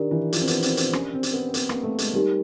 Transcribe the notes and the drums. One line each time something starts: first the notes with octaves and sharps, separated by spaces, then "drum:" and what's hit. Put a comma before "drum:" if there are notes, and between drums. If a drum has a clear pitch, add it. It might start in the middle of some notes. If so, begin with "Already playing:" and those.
Already playing: D#3 D4 G4 A#4 D5
E3
F3, drum: hi-hat
C4
B3, drum: hi-hat
C4, drum: hi-hat
C4, drum: hi-hat
C#4, drum: rim click
C4
drum: hi-hat
B3
C4
B3, drum: hi-hat
A#3, drum: rim click
A3
G#3, drum: hi-hat
G3 D#4 G4 A#4